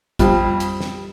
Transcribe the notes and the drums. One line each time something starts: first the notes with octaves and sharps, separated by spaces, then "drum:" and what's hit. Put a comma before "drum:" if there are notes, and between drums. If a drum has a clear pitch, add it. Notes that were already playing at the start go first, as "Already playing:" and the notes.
F2 G3, drum: kick, hi-hat
drum: hi-hat
drum: snare